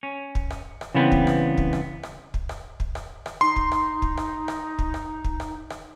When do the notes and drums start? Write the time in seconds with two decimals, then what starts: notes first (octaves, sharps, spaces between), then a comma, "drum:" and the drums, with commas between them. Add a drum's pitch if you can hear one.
0.03 C#4
0.35 drum: kick
0.50 drum: rim click
0.81 drum: rim click
0.94 C#3 E3 G3 B3 C4
1.12 drum: kick
1.27 drum: rim click
1.57 drum: kick
1.73 drum: rim click
2.03 drum: rim click
2.34 drum: kick
2.49 drum: rim click
2.80 drum: kick
2.95 drum: rim click
3.26 drum: rim click
3.41 D#4 C6
3.56 drum: kick
3.72 drum: rim click
4.02 drum: kick
4.17 drum: rim click
4.48 drum: rim click
4.79 drum: kick
4.94 drum: rim click
5.24 drum: kick
5.40 drum: rim click
5.70 drum: rim click